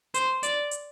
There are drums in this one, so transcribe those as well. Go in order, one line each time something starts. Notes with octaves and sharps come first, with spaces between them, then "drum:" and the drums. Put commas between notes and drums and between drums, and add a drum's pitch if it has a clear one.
C5, drum: hi-hat
D5, drum: hi-hat
drum: hi-hat